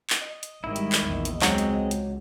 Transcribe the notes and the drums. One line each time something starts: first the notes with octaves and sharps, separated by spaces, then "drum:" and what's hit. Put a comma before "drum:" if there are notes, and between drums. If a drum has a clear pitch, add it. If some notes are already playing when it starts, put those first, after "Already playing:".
drum: clap
D#5
drum: hi-hat
G#1 D#3 G3 E4
drum: hi-hat
drum: clap
A#1 E2
drum: hi-hat
C#2 F#3 G#3 C4, drum: clap
drum: hi-hat
drum: hi-hat